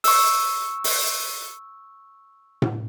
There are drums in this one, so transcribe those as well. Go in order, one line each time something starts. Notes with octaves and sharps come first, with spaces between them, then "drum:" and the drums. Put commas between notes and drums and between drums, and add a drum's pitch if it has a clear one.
C#6 E6, drum: open hi-hat
drum: open hi-hat
drum: tom A2